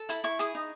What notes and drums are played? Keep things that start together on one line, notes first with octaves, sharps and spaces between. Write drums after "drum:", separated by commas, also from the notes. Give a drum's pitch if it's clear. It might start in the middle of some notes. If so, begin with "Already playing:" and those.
Already playing: A4
E4 B5, drum: hi-hat
E4 C#6
G#4 D#6, drum: hi-hat
D#4